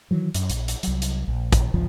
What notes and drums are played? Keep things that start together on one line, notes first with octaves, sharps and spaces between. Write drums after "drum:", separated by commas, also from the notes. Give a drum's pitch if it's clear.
D#3 E3 F#3
F#2, drum: hi-hat
A#1, drum: hi-hat
drum: hi-hat
C2 F#3, drum: hi-hat
drum: hi-hat
A#1
drum: kick, hi-hat
G1 C#2 F#2 F3